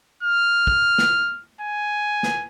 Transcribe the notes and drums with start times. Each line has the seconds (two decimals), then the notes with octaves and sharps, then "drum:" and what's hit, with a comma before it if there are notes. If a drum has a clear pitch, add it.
0.23 F6
0.67 drum: kick
0.98 drum: snare
1.61 G#5
2.23 drum: snare